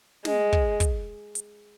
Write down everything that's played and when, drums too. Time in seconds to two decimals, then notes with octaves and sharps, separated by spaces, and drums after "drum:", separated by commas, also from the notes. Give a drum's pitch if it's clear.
0.25 G#3, drum: snare
0.53 drum: kick
0.80 drum: kick, hi-hat
1.35 drum: hi-hat